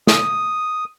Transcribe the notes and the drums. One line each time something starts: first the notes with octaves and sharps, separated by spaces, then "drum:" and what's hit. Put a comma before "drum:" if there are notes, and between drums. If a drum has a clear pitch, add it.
D#6, drum: snare